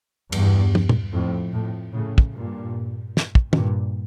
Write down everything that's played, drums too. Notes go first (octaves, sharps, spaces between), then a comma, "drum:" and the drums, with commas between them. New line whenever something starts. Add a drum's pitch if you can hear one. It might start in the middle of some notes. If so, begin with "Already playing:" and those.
E2 G2, drum: cymbal
drum: tom
drum: tom
F2 A2
F2 A2
A2 C#3
drum: kick
G2 A#2
drum: snare
drum: kick
G2 A#2, drum: tom